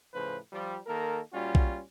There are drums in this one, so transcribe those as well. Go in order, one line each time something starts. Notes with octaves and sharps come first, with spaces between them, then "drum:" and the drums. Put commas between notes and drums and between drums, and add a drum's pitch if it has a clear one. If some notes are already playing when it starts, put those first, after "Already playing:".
A2 C#3 F3 B4 C5
F3 G3
D#3 A#3 A4 A#4
A#2 G3 C#4 F4 F#4
drum: kick B1